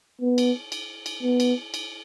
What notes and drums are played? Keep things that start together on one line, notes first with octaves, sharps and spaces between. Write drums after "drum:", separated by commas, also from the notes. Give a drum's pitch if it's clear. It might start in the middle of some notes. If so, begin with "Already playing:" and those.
B3
drum: cymbal
drum: cymbal
drum: cymbal
B3
drum: cymbal
drum: cymbal